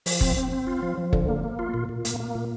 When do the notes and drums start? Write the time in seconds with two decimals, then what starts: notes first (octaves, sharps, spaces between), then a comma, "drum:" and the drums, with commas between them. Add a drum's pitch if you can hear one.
0.06 F3, drum: open hi-hat
0.21 C4, drum: kick F#1
0.36 C4
0.52 C4
0.67 F4
0.82 F3
0.98 F3
1.13 D3, drum: kick F#1
1.28 A#3
1.44 A#3
1.59 F4
1.74 A#2
1.89 A#2
2.05 A#3, drum: hi-hat
2.20 A#3
2.35 A#2